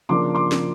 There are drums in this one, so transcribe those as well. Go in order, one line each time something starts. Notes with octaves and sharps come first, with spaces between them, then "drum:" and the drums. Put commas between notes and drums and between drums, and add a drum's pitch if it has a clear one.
C#3 F3 A#3 D4 C6 D6
C6 D6
drum: snare